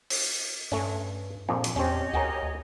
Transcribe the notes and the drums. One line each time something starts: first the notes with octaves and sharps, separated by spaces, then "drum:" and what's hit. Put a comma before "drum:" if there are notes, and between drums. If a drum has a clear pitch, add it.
drum: open hi-hat
G2 A3 C#4
A#1 F2 A#2
drum: hi-hat
E2 C4 C#4 G4 C#5 D#5
D2 F#4 G#4 A#4